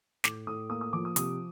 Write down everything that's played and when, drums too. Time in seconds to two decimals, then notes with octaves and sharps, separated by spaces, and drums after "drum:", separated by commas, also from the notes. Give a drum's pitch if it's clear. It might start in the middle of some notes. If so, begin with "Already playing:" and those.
0.24 A2 D6, drum: snare
0.47 A2 D#6
0.69 A#3 D#6
0.81 D#6
0.93 F3 D6
1.05 D#6
1.16 C3 D#6, drum: hi-hat